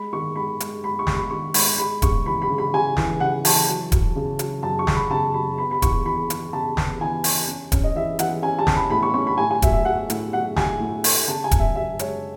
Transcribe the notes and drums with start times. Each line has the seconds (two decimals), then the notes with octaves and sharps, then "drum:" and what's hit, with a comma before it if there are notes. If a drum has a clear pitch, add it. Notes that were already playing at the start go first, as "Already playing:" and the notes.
Already playing: G#3 B5
0.13 D#3 C#6
0.36 G#3 B5
0.60 G#3, drum: hi-hat
0.84 G#3 B5
0.99 C#6
1.07 G#3, drum: snare
1.15 B5
1.30 D#3 C#6
1.54 G#2 B5, drum: open hi-hat
1.78 G#3 B5
2.02 C#3 C#6, drum: kick D#1, hi-hat
2.26 E3 B5
2.42 B5
2.50 C#3
2.58 B5
2.74 C#3 G#5
2.97 E3, drum: snare
3.20 C#3 F#5
3.45 E3 A5, drum: open hi-hat
3.68 F#3
3.92 F#3, drum: kick D#1, hi-hat
4.16 C#3
4.39 F#3, drum: hi-hat
4.63 F#2 A5
4.79 C#6
4.87 F#3, drum: snare
4.95 B5
5.11 C#3 A5
5.34 F#3 B5
5.58 B3 B5
5.71 B5
5.82 E2 C#6, drum: kick D#1, hi-hat
6.06 E3 B5
6.30 E3, drum: hi-hat
6.53 C#3 A5
6.77 B3, drum: snare
7.01 E3 G#5
7.24 E3, drum: open hi-hat
7.48 C#4
7.72 C#4, drum: kick D#1, hi-hat
7.84 D#5
7.95 E3 E5
8.19 E3 F#5, drum: hi-hat
8.43 C#4 G#5
8.59 A5
8.67 C#4, drum: snare
8.75 B5
8.90 A2 B5
9.03 C#6
9.14 C#4 C#6
9.27 B5
9.38 A2 G#5
9.51 G#5
9.62 F#3 E5, drum: kick D#1, hi-hat
9.73 E5
9.85 F#3 F#5
10.10 A2, drum: hi-hat
10.33 F#3 F#5
10.56 F#3 G#5, drum: snare
10.80 A2
11.04 A3, drum: open hi-hat
11.27 C#3 A5
11.44 G#5
11.51 F#2, drum: kick D#1, hi-hat
11.59 E5
11.76 F#2 E5
11.99 G#3 C#5, drum: hi-hat